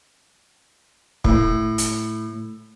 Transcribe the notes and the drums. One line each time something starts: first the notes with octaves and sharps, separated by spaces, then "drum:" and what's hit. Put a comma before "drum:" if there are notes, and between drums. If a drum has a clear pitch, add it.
A2, drum: kick
drum: hi-hat